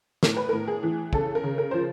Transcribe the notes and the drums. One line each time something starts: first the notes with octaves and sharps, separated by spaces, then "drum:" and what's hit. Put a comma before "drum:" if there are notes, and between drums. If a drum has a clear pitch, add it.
A2 A#4, drum: snare
B4
A2 A#4
G#4
E3
C#3 A4, drum: kick
A#4
C#3
A#4
F3 C5